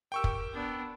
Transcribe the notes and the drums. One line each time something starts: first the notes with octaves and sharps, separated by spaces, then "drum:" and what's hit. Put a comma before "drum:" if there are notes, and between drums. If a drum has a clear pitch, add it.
G4 A#4 G5 C#6 E6
drum: kick
B3 D4